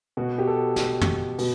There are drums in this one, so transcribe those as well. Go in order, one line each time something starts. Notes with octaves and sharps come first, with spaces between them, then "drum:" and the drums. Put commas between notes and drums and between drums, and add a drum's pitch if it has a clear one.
B2 F#4
G4
A4
drum: snare
drum: tom
B2, drum: open hi-hat